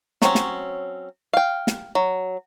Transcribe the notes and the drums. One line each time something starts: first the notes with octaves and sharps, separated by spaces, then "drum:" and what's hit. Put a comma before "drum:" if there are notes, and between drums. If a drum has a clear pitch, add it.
F#3 C4 C#4, drum: snare
drum: snare
F5 G5
drum: snare
F#3